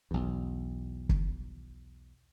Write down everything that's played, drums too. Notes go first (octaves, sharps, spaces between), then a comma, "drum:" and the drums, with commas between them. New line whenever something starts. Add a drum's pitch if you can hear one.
B1 E2
drum: kick